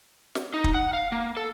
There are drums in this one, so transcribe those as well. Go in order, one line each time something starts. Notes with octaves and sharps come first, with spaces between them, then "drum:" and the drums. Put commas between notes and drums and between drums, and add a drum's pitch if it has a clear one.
drum: snare
D#4
drum: kick
F#5
F5
A#3
A4